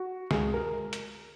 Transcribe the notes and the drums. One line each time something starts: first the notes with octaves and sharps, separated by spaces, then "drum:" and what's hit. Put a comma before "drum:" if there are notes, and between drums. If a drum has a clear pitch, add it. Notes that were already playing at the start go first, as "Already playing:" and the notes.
Already playing: F#4
C#2 G#4, drum: snare
A#4
drum: hi-hat